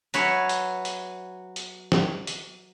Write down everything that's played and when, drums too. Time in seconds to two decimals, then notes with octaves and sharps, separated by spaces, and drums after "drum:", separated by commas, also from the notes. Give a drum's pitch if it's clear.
0.14 F#3 B4 C#5 E5 G#5, drum: hi-hat
0.49 drum: hi-hat
0.85 drum: hi-hat
1.56 drum: hi-hat
1.92 drum: snare
2.27 drum: hi-hat